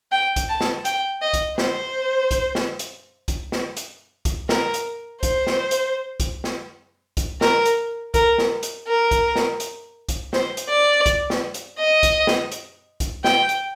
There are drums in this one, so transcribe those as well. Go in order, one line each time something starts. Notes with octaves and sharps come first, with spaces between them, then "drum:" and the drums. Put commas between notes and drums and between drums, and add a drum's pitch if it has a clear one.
G5
drum: kick, hi-hat
A5
drum: snare
G5, drum: hi-hat
D#5
drum: kick, hi-hat
C5, drum: snare
drum: kick, hi-hat
drum: snare
drum: hi-hat
drum: kick, hi-hat
drum: snare
drum: hi-hat
drum: kick, hi-hat
A#4, drum: snare
drum: hi-hat
C5, drum: kick, hi-hat
drum: snare
drum: hi-hat
drum: kick, hi-hat
drum: snare
drum: kick, hi-hat
A#4, drum: snare
drum: hi-hat
A#4, drum: kick, hi-hat
drum: snare
drum: hi-hat
A#4
drum: kick, hi-hat
drum: snare
drum: hi-hat
drum: kick, hi-hat
C5, drum: snare
drum: hi-hat
D5
drum: kick, hi-hat
drum: snare
drum: hi-hat
D#5
drum: kick, hi-hat
drum: snare
drum: hi-hat
drum: kick, hi-hat
G5, drum: snare
drum: hi-hat